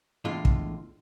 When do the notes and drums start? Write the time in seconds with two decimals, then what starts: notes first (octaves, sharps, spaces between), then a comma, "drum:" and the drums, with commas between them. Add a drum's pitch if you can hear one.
0.25 E2 A2 D3 G#3 F4
0.45 drum: kick